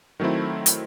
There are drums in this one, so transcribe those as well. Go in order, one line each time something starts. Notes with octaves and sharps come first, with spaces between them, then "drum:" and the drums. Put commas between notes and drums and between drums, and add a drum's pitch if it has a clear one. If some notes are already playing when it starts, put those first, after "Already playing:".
D#3 F#3 A3 C4 E4
drum: hi-hat